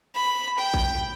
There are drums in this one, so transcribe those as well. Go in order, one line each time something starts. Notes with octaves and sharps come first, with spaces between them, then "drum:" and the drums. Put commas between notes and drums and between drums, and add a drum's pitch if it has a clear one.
B5
G5
drum: kick